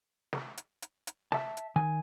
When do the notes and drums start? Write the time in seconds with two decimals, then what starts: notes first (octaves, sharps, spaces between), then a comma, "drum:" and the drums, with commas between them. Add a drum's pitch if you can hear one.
0.33 drum: snare
0.57 drum: hi-hat
0.82 drum: hi-hat
1.07 drum: hi-hat
1.32 E5 A5, drum: snare
1.57 drum: hi-hat
1.76 D#3 G#5